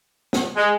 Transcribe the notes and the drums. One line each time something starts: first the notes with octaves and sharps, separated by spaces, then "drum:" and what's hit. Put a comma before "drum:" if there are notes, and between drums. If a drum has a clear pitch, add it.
drum: snare
G#3